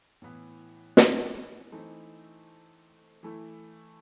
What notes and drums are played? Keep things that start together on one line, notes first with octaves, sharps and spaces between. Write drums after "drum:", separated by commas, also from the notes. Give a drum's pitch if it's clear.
A2 E3 B3
drum: snare
E3 A3 C4 D#4
E3 A3 E4